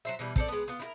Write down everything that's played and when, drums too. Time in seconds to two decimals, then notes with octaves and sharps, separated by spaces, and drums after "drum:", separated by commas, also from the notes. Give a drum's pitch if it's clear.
0.05 F#3 C5 E5
0.19 B2 E3 G3
0.36 C4 A4 D5, drum: kick
0.48 G#3 B3
0.68 B3 F4
0.79 E4 F4 A#4